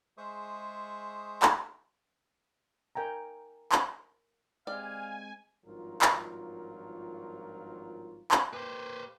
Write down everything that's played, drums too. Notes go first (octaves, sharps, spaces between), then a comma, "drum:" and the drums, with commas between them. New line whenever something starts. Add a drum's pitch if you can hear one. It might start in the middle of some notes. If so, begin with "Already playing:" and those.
G#3 G#4 C5 E5 C#6 D#6
drum: clap
A#4 G5 G#5 A#5
drum: clap
G#3 C4 G4 D5 F5 G#5
G#1 G2 F3 F#3 F4 A#4
drum: clap
drum: clap
A#3 G4 B4 C5